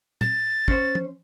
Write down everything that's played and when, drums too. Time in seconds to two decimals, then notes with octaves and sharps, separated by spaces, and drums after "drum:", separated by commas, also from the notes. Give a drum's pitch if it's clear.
0.21 A6, drum: tom A#2
0.68 C#4 C5, drum: kick
0.95 drum: tom